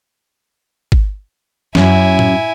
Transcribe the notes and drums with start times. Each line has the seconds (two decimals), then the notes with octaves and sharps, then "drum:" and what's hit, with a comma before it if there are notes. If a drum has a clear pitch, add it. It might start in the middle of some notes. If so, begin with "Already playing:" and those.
0.92 drum: kick
1.75 F#2 C#4 E4 G#5, drum: snare
2.19 drum: tom A2